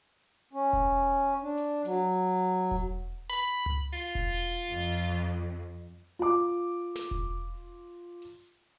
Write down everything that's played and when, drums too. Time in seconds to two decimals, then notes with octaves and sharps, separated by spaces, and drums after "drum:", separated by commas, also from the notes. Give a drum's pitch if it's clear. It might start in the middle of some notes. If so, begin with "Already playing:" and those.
0.53 C#4
0.73 drum: kick E1
1.42 D4
1.57 drum: hi-hat
1.85 F#3, drum: hi-hat
2.71 drum: kick E1
3.30 B5
3.66 drum: tom C#2
3.93 F4
4.15 drum: kick E1
4.70 F2
6.19 F4 D6
6.95 drum: snare
7.11 drum: kick E1
8.22 drum: open hi-hat